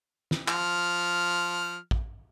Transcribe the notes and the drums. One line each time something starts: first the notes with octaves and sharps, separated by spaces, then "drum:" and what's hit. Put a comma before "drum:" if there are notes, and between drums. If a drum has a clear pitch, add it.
drum: snare
F3 F6, drum: clap
drum: kick